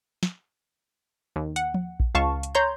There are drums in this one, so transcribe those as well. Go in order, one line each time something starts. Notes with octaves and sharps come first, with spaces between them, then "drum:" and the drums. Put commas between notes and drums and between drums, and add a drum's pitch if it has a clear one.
drum: snare
D#2
F#5, drum: hi-hat
drum: tom F3
drum: kick A#1
C#2 F5 A5 C#6
drum: hi-hat
C#5 A#5 C6 G6